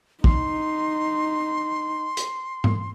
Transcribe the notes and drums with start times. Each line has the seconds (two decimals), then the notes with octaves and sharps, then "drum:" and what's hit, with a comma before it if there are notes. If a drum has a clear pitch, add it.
0.24 D#4 C6, drum: kick
2.17 drum: hi-hat
2.64 drum: tom G#2